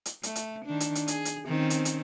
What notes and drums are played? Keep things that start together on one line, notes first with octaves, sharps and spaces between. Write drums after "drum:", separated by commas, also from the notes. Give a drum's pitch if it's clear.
drum: hi-hat
A3, drum: hi-hat
drum: hi-hat
D#3 D4
drum: hi-hat
drum: hi-hat
G#4, drum: hi-hat
drum: hi-hat
D#3 C4 C#4
drum: hi-hat
drum: hi-hat